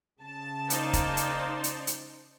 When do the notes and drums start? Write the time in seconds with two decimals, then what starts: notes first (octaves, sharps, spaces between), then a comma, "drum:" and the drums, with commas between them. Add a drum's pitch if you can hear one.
0.21 C#3 A5
0.70 A#3 D#4 C5 D5, drum: hi-hat
0.93 drum: kick F1, hi-hat
1.17 drum: hi-hat
1.64 drum: hi-hat
1.87 drum: hi-hat